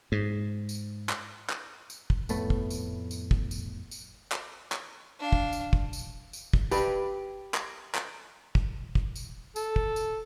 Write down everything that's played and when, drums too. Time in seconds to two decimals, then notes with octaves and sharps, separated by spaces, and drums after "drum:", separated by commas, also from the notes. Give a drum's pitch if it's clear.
0.12 G#2
0.69 drum: tambourine
1.09 drum: clap
1.50 drum: clap
1.90 drum: tambourine
2.10 drum: kick
2.29 F2 A2 A3 B3, drum: tambourine
2.50 drum: kick
2.70 drum: tambourine
3.11 drum: tambourine
3.31 drum: kick
3.51 drum: tambourine
3.91 drum: tambourine
4.32 drum: clap
4.72 drum: clap
5.20 D4 F5
5.33 drum: kick
5.53 drum: tambourine
5.73 drum: kick
5.93 drum: tambourine
6.33 drum: tambourine
6.53 drum: kick
6.71 G4 B4, drum: tambourine
7.54 drum: clap
7.95 drum: clap
8.55 drum: kick
8.95 drum: kick
9.16 drum: tambourine
9.56 A4, drum: tambourine
9.76 drum: kick
9.96 drum: tambourine